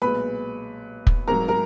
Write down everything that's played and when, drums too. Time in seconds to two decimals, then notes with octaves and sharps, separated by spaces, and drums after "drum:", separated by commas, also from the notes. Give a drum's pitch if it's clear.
0.02 B1 A#2 G#3 B4 B5
1.07 drum: kick
1.28 G#1 G#2 F#3 A#4 A#5
1.48 A#4 A#5